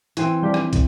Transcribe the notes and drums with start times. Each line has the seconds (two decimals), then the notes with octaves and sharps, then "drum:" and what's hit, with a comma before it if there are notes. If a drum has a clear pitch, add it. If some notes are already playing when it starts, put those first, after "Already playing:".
0.17 E3 C4, drum: hi-hat
0.42 F3 G3 G4
0.54 drum: rim click
0.73 drum: kick, hi-hat